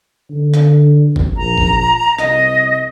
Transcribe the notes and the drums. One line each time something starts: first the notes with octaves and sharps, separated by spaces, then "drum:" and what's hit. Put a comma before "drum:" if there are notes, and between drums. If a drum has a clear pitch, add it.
D3
drum: rim click
drum: kick
A#1 A#5
drum: kick
C2 D#5, drum: rim click